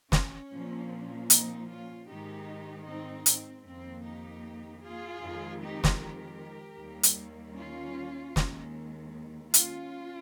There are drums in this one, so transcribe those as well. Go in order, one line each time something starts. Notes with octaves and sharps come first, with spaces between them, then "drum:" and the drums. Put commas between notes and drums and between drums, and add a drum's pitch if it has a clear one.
C#4, drum: snare
A#2 F3 A#3
C4 D#4, drum: hi-hat
C#4 F4
G#2 D#3 G#3 D#4 G4
C4 D#4
C4, drum: hi-hat
F2 D#3 A#3 C4
D#4 G4
F4 G#4
F2 D#3 G#3
D#4 G4
drum: snare
G4 A#4
D#2 D#3 G3 A#3
drum: hi-hat
C#4 F4
D#2 D#3 G#3 C#4, drum: snare
C#4 F4, drum: hi-hat